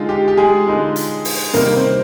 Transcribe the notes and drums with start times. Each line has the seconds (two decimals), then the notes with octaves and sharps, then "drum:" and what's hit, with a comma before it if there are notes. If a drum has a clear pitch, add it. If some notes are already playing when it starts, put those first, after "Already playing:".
Already playing: D3 G#3 D#4 F4
0.09 G4
0.28 G4
0.37 G#3 G#4
0.67 D3 G#3 D#4
0.96 drum: hi-hat
1.25 drum: open hi-hat
1.54 C3 D#3 G3 A#3 D#4 A#4, drum: hi-hat
1.75 C4 C5